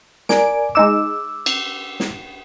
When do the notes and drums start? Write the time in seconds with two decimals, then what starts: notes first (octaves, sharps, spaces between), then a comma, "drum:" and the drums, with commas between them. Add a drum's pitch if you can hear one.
0.29 A#4 D5 G#5 D7, drum: snare
0.75 G#3 D#4 D6 E6 E7
1.46 drum: cymbal
2.00 drum: snare